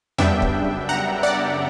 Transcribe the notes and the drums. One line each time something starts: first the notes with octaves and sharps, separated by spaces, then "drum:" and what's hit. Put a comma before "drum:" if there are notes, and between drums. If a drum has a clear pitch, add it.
F#2 C#3 G3 B3 D4 E5 G5, drum: tom E2
drum: kick
F#5 A#5
D5 F#5